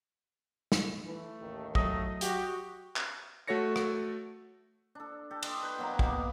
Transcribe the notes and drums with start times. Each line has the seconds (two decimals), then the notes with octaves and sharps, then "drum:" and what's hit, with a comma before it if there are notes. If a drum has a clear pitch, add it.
0.72 drum: snare
1.06 E3 A3
1.40 A1 D#2 D#3
1.75 F#3 A3 D#5, drum: kick
2.21 F#4 G4, drum: hi-hat
2.96 drum: clap
3.48 A3 F#4 A4 C#5 A#6 C#7
3.76 drum: rim click
4.95 D4 A4
5.31 G4 A4
5.43 D4 D#5 A5 C6, drum: cymbal
5.63 B4 G5 C6
5.78 B2 F#3 A#3
5.99 A#3 B3 G4, drum: kick